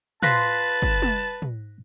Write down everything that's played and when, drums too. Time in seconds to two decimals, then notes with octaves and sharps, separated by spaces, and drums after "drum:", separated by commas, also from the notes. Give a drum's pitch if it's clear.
0.23 F4 B4 C5 A5 C6 F#6 A#6 B6, drum: tom
0.82 drum: kick
1.02 drum: tom
1.42 drum: tom